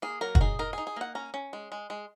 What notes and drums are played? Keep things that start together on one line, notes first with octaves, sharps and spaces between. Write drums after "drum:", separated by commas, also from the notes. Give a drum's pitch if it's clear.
A#3 G#4
F#3 A#4
F#4, drum: kick
D#4 G#4
D#4 A#4
G#4
D#4
G#4
A#3 F#5
C#4 A#5
C#4
G#3
G#3
G#3